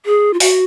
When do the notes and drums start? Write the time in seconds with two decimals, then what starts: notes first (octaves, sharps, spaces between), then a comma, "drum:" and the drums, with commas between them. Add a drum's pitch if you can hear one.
0.06 G#4
0.34 F4
0.40 F#4, drum: open hi-hat